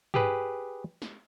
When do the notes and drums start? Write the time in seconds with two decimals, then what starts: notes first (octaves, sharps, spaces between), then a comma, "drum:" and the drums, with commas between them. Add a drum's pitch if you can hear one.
0.14 G4 G#4 B4, drum: tom G2
1.02 drum: snare